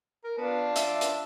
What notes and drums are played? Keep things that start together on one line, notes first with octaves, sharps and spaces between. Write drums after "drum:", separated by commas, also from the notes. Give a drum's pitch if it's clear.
A#4
B3 D4 F4 A5
E5, drum: hi-hat
drum: hi-hat